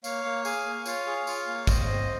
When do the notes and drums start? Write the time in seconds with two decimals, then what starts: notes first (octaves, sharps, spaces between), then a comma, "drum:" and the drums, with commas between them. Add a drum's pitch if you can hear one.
0.04 A#3 C#5 F5, drum: tambourine
0.25 A#3
0.45 G#4 F5 G#5, drum: tambourine
0.66 A#3
0.86 F4 C#5 F5, drum: tambourine
1.07 G#4
1.27 F4, drum: tambourine
1.48 A#3
1.67 C4 C5 D#5, drum: kick, tambourine
1.88 C4